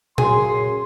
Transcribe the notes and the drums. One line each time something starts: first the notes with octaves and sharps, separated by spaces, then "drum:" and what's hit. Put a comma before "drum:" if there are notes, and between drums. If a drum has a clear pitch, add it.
F#2 C#3 G#4 C6, drum: tom A#2